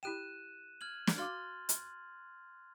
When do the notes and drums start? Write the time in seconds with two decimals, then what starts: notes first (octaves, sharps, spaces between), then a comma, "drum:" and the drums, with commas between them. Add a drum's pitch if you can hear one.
0.03 E4 G4 G5 F#6 D#7 E7
0.81 F6 G#6 F#7
1.07 drum: snare
1.17 F#4 F5 C6 D6 F6 A6
1.69 drum: hi-hat